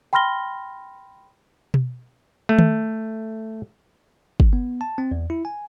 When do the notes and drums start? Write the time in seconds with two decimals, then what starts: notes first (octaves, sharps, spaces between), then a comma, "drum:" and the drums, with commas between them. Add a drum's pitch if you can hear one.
0.13 G5 B5 C6 F6 A#6 G7
1.74 drum: tom B2
2.49 A3
2.59 drum: tom D#3
4.40 drum: kick
4.53 B3
4.81 A5
4.98 C4
5.11 E2
5.30 E4
5.45 G#5